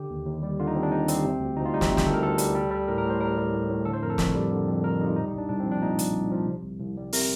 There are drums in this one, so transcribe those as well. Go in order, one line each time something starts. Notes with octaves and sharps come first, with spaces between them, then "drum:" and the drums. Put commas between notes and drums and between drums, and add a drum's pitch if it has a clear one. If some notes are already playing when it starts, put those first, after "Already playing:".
Already playing: D3 G4
D#2
D#2
G3
D3 F4
D#4
D#2 C4
D4
D#2 D#4
G3 C4, drum: hi-hat
C3
D2
D2 D#4
F4
G3 D#4
C4, drum: snare
C3
C5, drum: snare
D2 A4
A#4
D2 A4
G3, drum: hi-hat
G3
G3
A2 A#4
A#4
A2
C5
G3 A#4
G3
A2
A2
D3 A4
C5
F2 A#4
A4
F2, drum: snare
G3
D3
F2
F2 A#4
G3 D#4
F4
A#2 D#4
D#4
C2 D4
C2 D4
C4
F3
D4
A#2 D#4
C2, drum: hi-hat
C2
F3
C3
C2
C2
G3
C3 A#4, drum: open hi-hat